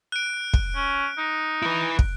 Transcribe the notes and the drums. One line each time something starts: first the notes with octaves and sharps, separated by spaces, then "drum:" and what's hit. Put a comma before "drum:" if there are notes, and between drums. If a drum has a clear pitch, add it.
F#6 D7
drum: kick
C#4
D#4
E4 B4
drum: kick